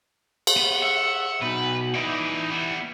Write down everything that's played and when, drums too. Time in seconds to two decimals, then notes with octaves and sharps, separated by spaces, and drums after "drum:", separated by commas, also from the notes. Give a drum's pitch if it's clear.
0.47 drum: cymbal
0.57 B3
0.82 E5 F#5
1.41 B2 D#4 B4
1.95 D#4 E4 B4 D5
2.51 G3 B3